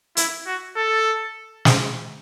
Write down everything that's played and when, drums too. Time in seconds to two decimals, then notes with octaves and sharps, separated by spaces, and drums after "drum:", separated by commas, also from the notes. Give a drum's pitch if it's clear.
0.17 E4, drum: hi-hat
0.47 F#4
0.77 A4
1.65 drum: snare